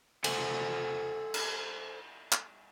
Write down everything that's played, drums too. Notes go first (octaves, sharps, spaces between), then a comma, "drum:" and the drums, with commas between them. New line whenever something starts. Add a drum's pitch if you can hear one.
A4 C5 F#5 G#5, drum: cymbal
drum: cymbal
drum: clap